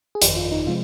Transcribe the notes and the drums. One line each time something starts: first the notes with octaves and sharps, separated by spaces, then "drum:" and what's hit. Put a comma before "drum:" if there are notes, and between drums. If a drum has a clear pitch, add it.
G#4
G1 F2 D#3 G4, drum: hi-hat
F4
D#4
C3 F3 G#3 F4